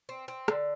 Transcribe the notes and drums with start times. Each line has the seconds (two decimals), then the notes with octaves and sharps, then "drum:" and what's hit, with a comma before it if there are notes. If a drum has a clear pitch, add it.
0.09 C4
0.28 C4
0.48 D3, drum: rim click